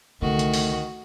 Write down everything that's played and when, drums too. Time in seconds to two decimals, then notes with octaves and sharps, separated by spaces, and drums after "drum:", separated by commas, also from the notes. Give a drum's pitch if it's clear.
0.22 C2 D3 D#3 A3 F#4
0.39 drum: hi-hat
0.54 drum: open hi-hat